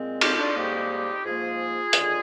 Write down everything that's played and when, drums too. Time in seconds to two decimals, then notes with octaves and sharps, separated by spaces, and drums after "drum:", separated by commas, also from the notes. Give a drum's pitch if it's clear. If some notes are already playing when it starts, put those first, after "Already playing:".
Already playing: A#2 G#3 C4
0.21 D4 F4, drum: cymbal
0.39 D4 F4
0.56 G#2 G3 A#3 D#4 G4
1.25 G#2 F3 A#3 F4 G#4
1.93 D#2 D3 G#3, drum: hi-hat